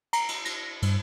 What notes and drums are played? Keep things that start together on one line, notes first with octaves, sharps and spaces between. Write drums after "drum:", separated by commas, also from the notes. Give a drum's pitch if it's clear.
A#5, drum: cymbal
drum: cymbal
A#6, drum: cymbal
G2, drum: cymbal